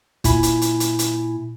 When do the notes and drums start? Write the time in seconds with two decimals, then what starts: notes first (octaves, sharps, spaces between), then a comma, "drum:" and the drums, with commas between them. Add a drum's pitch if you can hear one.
0.24 A#2 E4 G#5 B5, drum: kick, hi-hat
0.43 drum: hi-hat
0.61 drum: hi-hat
0.80 drum: hi-hat
0.99 drum: hi-hat